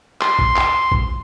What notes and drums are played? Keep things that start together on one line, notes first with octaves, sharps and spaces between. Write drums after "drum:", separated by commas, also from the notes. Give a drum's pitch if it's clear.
C6, drum: clap
drum: kick A#1
drum: clap
drum: kick A#1